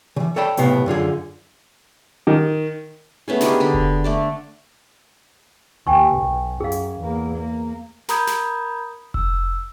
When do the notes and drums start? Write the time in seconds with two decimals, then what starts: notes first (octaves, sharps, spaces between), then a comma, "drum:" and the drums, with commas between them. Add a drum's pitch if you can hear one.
0.16 C#3 E3
0.36 A4 C#5 D5 G5 A5 B5
0.57 B1 A2 C3 B3 F5, drum: hi-hat
0.86 F#2 D3 F4 G#4
2.27 D#3
3.28 A3 B3 C#4 G#4
3.41 D4 D#4 G4 G#4, drum: snare
3.60 D3 D5 B5
3.74 drum: kick F1
4.04 A3 D5 A5
5.87 D#2 G5 G#5 C#6
6.18 B1
6.60 F#2 G#4 F5
6.72 drum: hi-hat
6.99 E2 A#3
7.34 A#3
8.09 A#4 A#5 B5 D#6 G6 G#6, drum: snare
8.27 drum: snare
9.14 E6, drum: kick F1